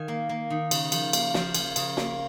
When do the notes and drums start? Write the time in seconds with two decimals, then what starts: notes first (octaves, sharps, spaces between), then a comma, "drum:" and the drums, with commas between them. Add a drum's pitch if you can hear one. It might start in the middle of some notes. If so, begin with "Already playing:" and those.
Already playing: D#3 F5 G#5
0.08 A#3
0.29 A#3
0.50 D#3
0.71 C#3, drum: cymbal
0.92 F3, drum: cymbal
1.13 A#3, drum: cymbal
1.34 F3, drum: snare
1.54 F3 G#5, drum: cymbal
1.76 C#3, drum: cymbal
1.97 A#3, drum: snare